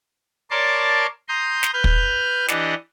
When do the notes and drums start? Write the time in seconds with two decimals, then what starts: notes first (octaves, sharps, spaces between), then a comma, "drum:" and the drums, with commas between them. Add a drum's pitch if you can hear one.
0.51 A#4 C#5 D5 A5 C6 D6
1.28 A#5 C6 D#6 G6
1.63 drum: snare
1.73 B4 F6 G6
1.84 drum: kick
2.48 E3 D4 G4 D#5 F#5, drum: snare